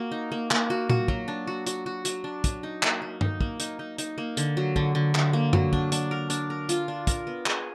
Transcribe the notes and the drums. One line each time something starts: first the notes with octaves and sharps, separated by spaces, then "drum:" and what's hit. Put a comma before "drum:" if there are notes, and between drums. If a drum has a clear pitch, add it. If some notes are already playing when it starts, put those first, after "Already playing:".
Already playing: A#3 F#4
D#4
A#3
A#3, drum: clap
F#4
F#4, drum: tom A#2
F#3, drum: kick
D4
F#4
F#4, drum: hi-hat
F#4
F#3, drum: hi-hat
D4
F#3, drum: kick, hi-hat
D#4
A#3, drum: clap
A#3
D#4, drum: tom G2
A#3, drum: kick
D#4, drum: hi-hat
D#4
D#4, drum: hi-hat
A#3
D3, drum: hi-hat
F#3
D3, drum: kick
D3
D3, drum: clap
A#3
F#3, drum: tom F#2
D4, drum: kick
D4, drum: hi-hat
A#4
D4, drum: hi-hat
A#4
F4, drum: hi-hat
D4
A#4, drum: kick, hi-hat
B3
G#4, drum: clap